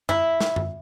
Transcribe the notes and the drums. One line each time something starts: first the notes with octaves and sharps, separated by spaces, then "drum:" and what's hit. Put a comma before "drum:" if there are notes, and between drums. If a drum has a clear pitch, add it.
E4, drum: tom F#2
drum: snare
drum: tom F#2